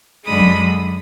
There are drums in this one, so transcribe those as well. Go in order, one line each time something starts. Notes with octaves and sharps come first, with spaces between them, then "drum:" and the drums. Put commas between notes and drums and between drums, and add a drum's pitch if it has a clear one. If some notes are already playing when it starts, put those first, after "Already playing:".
F#2 D3 G#3 B5 D#6
drum: tom F3